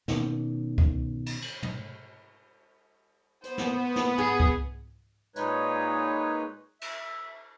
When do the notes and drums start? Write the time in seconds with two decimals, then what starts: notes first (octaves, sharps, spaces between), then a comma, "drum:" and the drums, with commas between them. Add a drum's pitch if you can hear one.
0.08 B2 D#3 C#4, drum: snare
0.78 drum: kick C2
1.26 drum: cymbal
1.42 drum: cymbal
1.62 drum: tom
3.44 B3 C5, drum: hi-hat
3.58 drum: snare
3.96 drum: snare
4.18 G#4, drum: tom
4.40 drum: kick C2
5.36 A#2 G#3 D#4 B4 C#5, drum: hi-hat
6.81 E5, drum: cymbal